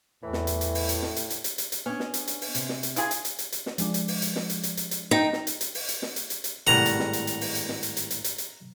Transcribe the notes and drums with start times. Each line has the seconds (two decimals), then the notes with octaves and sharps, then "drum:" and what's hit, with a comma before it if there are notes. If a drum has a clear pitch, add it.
0.23 E2 A2 E3
0.33 drum: snare
0.47 drum: hi-hat
0.61 drum: hi-hat
0.75 drum: open hi-hat
0.89 drum: hi-hat
1.03 drum: snare
1.16 drum: hi-hat
1.30 drum: hi-hat
1.44 drum: hi-hat
1.58 drum: hi-hat
1.72 drum: hi-hat
1.86 B3 C#4 D4
2.00 drum: snare
2.14 drum: hi-hat
2.27 drum: hi-hat
2.41 drum: open hi-hat
2.55 C3, drum: hi-hat
2.69 drum: snare
2.83 drum: hi-hat
2.96 E4 F4 G#4, drum: hi-hat
3.11 drum: hi-hat
3.25 drum: hi-hat
3.39 drum: hi-hat
3.52 drum: hi-hat
3.66 drum: snare
3.78 F3 G#3 D4, drum: hi-hat
3.94 drum: hi-hat
4.08 drum: open hi-hat
4.22 drum: hi-hat
4.36 drum: snare
4.50 drum: hi-hat
4.63 drum: hi-hat
4.77 drum: hi-hat
4.91 drum: hi-hat
5.11 D#4 G5
5.33 drum: snare
5.47 drum: hi-hat
5.61 drum: hi-hat
5.75 drum: open hi-hat
5.88 drum: hi-hat
6.02 drum: snare
6.16 drum: hi-hat
6.30 drum: hi-hat
6.44 drum: hi-hat
6.67 G#1 A2 G3 F#5 A#5
6.86 drum: hi-hat
6.99 drum: snare
7.13 drum: hi-hat
7.27 drum: hi-hat
7.41 drum: open hi-hat
7.55 drum: hi-hat
7.69 drum: snare
7.83 drum: hi-hat
7.97 drum: hi-hat
8.10 drum: hi-hat
8.24 drum: hi-hat
8.38 drum: hi-hat